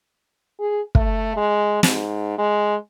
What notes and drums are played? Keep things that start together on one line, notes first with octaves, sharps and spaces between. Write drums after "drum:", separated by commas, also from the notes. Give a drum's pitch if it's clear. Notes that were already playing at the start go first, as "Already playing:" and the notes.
G#4
A3, drum: kick
G#3
G#2, drum: snare
G#3